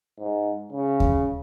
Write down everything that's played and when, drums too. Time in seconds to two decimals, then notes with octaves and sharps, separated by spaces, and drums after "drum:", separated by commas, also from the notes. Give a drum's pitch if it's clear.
0.19 G#2
0.72 C#3
1.00 drum: kick D#2